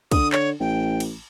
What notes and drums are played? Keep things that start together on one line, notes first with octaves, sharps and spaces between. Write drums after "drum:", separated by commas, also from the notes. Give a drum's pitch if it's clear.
D3 D#6, drum: kick, cymbal
C#5, drum: clap
A1 G5
drum: cymbal